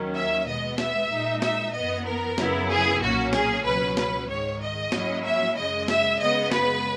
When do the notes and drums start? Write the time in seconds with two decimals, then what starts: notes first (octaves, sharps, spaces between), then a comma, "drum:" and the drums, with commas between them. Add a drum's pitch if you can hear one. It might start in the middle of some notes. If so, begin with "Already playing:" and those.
Already playing: D#2 D#3 F#3 C#4
0.15 E5
0.47 B2 G#3 B3 D#5
0.78 E5, drum: snare
1.10 A#2 G#3 D#4
1.42 E5, drum: snare
1.74 F#2 E3 B3 D#5
2.06 A#4
2.38 F#2 C#3 F#3 B3 E4, drum: snare
2.69 G#4
3.02 B1 A#2 F#3 A#3 C#4 F#4
3.33 G#4, drum: snare
3.65 C#2 B2 F#3 C#4 B4
3.97 B4, drum: snare
4.29 G#2 D#3 G#3 C#5
4.61 D#5
4.92 G#2 F#3 A#3 C#4 E4, drum: snare
5.24 E5
5.56 F#2 C#3 G#3 D#5
5.88 E5, drum: snare
6.20 F#2 C#3 G#3 B3 D#5
6.52 B4, drum: snare